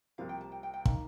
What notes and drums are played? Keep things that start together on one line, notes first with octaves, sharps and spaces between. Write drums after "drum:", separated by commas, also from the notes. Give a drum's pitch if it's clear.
C2 C3 F3 A#3 F5
G5
A5
G5
G5
G5
D#3 A#3 D#4 F5, drum: kick